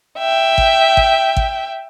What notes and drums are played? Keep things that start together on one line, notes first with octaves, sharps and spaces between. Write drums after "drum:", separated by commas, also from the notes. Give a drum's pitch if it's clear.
E5 G5
drum: kick
drum: kick
drum: kick